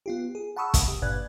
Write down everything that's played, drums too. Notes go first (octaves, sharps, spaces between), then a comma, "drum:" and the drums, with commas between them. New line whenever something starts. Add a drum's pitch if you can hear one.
B3 F4 G4
G#4
F#5 A5 B5 C#6 D#6 E6
D#6, drum: kick, hi-hat
G4
G1 A#2 B4 D5 F#6 G#6